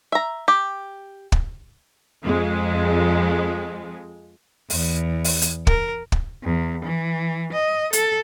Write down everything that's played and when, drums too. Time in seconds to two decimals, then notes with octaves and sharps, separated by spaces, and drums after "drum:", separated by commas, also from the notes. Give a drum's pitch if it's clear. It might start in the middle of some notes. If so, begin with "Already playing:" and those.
0.12 E5 A#5
0.48 G4
1.32 drum: kick
2.23 F2 G#3
4.70 E2, drum: open hi-hat
5.24 drum: open hi-hat
5.42 drum: hi-hat
5.67 A#4, drum: kick
6.12 drum: kick
6.44 E2
6.85 E3
7.52 D#5
7.93 A4, drum: hi-hat